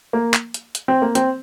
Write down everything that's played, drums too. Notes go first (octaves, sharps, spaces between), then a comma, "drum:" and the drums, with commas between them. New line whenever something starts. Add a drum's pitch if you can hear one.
A#3
drum: clap
drum: hi-hat
drum: hi-hat
C4
A#3
C4, drum: hi-hat